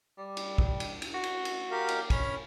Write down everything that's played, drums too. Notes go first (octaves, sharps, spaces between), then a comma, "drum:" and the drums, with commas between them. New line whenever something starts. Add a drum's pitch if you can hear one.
G3
drum: cymbal
drum: kick
drum: cymbal
drum: cymbal
F#4
drum: cymbal
drum: cymbal
G4 A#4 F5
drum: cymbal
C#4 B5 F6, drum: kick, cymbal